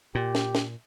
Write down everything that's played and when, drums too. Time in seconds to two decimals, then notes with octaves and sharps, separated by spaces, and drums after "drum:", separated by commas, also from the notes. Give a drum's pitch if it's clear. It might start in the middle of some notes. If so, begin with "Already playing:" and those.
0.15 A#2 G4
0.35 drum: snare
0.55 drum: snare